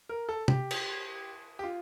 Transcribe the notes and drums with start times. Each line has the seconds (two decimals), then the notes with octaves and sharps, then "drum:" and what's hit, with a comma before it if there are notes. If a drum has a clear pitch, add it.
0.09 A#4
0.29 A4
0.48 G4, drum: tom
0.71 drum: cymbal
1.59 G4
1.64 F4